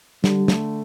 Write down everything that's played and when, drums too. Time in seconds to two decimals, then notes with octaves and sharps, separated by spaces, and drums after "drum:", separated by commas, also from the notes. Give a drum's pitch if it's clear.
0.24 D3 G3, drum: snare
0.48 A3, drum: snare